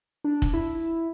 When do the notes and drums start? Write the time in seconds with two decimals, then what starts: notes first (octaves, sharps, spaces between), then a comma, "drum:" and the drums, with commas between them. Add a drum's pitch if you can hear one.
0.24 D4
0.42 drum: kick
0.53 E4